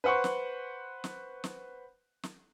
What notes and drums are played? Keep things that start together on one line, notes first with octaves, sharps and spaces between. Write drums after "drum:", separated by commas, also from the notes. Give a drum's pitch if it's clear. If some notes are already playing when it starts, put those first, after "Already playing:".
B4 C5 F#5 C6 C#6
drum: snare
drum: snare
drum: snare
drum: snare